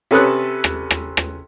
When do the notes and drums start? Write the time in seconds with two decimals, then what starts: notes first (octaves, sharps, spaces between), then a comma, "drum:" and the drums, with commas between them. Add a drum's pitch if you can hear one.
0.11 C3 C#4 A4 B4 D#6 F#6
0.64 drum: rim click
0.91 drum: rim click
1.17 drum: rim click